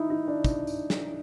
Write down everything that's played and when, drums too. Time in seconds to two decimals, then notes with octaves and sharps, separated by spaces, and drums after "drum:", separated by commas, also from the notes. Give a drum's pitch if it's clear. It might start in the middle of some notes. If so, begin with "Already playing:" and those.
Already playing: D#4 E4
0.10 D#4
0.28 D4
0.44 drum: kick, tambourine
0.67 drum: tambourine
0.90 drum: snare